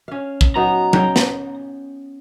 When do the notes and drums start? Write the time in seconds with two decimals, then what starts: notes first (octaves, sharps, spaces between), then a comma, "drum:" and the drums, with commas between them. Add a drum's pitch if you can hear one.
0.08 C#4 F5
0.41 drum: kick
0.56 F#3 B3 D#4 A#5
0.93 C#4 G5, drum: tom F#3
1.16 drum: snare